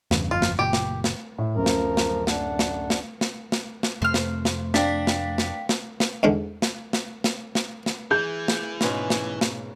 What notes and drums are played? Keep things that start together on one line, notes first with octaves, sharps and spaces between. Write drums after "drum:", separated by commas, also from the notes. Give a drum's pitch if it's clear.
E2 G2 C#3, drum: snare
G1 F2 F4
drum: snare
F#1 A#2 G4
drum: snare
drum: snare
A2
D1 F#2 F3 A#4
drum: snare
drum: snare
D4 F#5, drum: snare
drum: snare
drum: snare
drum: snare
drum: snare
drum: snare
F2 C3 A3 C5 F6
drum: snare
drum: snare
D4 F5 G5 B6, drum: snare
drum: snare
drum: snare
drum: snare
drum: snare
E2 G#2 D3
drum: snare
drum: snare
drum: snare
drum: snare
drum: snare
E3 G#4 G6
drum: snare
G#2 B2 C#4, drum: snare
drum: snare
drum: snare